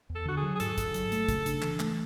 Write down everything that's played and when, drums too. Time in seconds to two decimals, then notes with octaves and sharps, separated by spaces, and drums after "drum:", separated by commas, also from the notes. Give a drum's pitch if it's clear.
0.10 E2
0.15 A4
0.25 D3 F#4
0.37 G#4
0.43 F#3
0.55 G#4
0.60 G#2 A4, drum: hi-hat
0.78 G#2, drum: kick, hi-hat
0.94 F#3, drum: hi-hat
1.12 A3, drum: hi-hat
1.29 C#3, drum: kick, hi-hat
1.46 D4, drum: hi-hat
1.62 E3, drum: clap
1.80 A3, drum: clap